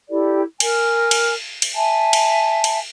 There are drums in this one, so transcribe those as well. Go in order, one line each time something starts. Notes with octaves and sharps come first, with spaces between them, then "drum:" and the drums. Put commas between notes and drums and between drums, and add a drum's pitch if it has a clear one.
E4 G4 A4 D5
A#4 G#5, drum: cymbal
drum: cymbal
drum: cymbal
E5 G#5 A5
drum: cymbal
drum: cymbal